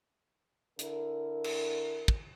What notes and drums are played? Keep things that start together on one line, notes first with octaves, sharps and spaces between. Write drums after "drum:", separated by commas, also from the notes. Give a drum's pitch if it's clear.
D3 E4 A#4, drum: hi-hat
drum: cymbal
drum: kick